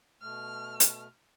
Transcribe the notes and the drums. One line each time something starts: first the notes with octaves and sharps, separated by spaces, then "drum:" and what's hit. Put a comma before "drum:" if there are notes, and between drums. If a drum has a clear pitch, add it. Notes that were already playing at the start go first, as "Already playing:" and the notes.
B2 A3 F6
drum: hi-hat